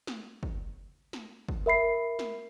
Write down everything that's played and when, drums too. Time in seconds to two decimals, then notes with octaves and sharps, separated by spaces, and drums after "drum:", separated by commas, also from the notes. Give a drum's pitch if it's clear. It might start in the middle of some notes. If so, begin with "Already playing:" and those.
0.07 drum: snare
0.43 drum: kick
1.13 drum: snare
1.48 drum: kick
1.66 A#4 E5 B5 C7
2.19 drum: snare